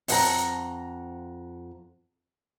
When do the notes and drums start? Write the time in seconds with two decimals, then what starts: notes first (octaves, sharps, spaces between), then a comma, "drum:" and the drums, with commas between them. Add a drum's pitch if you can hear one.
0.08 F2 F#5 A#5, drum: open hi-hat